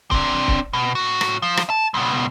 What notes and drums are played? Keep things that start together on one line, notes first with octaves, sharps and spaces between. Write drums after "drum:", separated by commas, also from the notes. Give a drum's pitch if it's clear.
C4 D4, drum: kick C#1
drum: kick C#1
B2
A2 F#4
drum: rim click
F3
drum: rim click
A5
C#2 B2